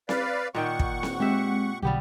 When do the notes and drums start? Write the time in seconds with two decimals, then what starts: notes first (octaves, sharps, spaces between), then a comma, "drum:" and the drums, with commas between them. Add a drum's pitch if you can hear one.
0.09 B4 D5 F5, drum: snare C4
0.55 A#2 D#3 F#5 G5 C#6
0.79 drum: kick
1.03 drum: snare C4
1.20 G#3 C4 G4 E5
1.82 B1 B2 D3 G3 B3 G4